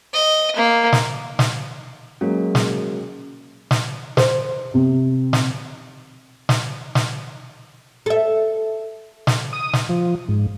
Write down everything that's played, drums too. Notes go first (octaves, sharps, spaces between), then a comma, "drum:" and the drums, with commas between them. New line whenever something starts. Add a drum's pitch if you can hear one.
D#5
A#3
drum: snare
drum: snare
F#3 G#3 A#3 C#4 F#4
drum: snare
drum: snare
C5, drum: snare
C3
drum: snare
drum: snare
drum: snare
A4 E5
drum: snare
D#6
drum: snare
F3
G#2